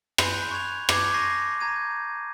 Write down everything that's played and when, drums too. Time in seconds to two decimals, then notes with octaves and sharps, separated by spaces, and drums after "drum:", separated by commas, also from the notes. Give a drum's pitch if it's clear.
0.18 G#5 B5 C6 F#6 G6, drum: rim click
0.51 C#6 F#6 G#6 F7
0.89 A5 D6 G6 G#6 C#7, drum: rim click
1.14 C#6 A#6 C7 D#7
1.60 A#5 G#6 D#7
1.76 G6